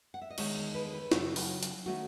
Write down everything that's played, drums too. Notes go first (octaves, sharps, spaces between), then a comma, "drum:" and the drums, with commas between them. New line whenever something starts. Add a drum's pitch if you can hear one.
F#5
E5
D#5
E2 D#3 G#3 D#4 C#5, drum: cymbal
B4
A4
B4
F#2 C#3 F#3 A4, drum: snare
F#4, drum: open hi-hat
drum: hi-hat
D#3 A3 C#4 F#4